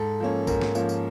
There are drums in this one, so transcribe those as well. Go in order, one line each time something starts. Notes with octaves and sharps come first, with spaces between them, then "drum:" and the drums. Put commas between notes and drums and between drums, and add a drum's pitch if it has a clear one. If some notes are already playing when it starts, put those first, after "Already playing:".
Already playing: G#2 A4
F3 A#3 C#4
G#2 A#4, drum: kick B1, tambourine
drum: snare
F3 A#3 C#4, drum: tambourine
drum: tambourine